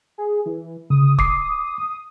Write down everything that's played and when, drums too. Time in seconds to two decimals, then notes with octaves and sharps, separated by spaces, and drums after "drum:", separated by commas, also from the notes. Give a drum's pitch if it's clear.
0.18 G#4
0.46 E3
0.90 C#3 D#6
1.19 D6 C7, drum: kick